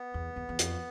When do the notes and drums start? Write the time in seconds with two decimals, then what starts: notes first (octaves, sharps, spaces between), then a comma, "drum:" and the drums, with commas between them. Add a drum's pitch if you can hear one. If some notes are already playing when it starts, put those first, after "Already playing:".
Already playing: B3
0.14 E2
0.36 E2
0.49 E2
0.59 F2, drum: hi-hat